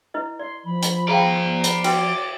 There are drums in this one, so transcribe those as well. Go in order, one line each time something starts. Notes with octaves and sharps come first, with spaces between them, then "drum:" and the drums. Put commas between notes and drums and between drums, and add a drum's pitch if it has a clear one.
E4 B4 D#5
D5 C6
F3 B5
drum: hi-hat
G#4 D5 F5 G5 A#5
B5, drum: hi-hat
F#4 B4 G5 D6, drum: cymbal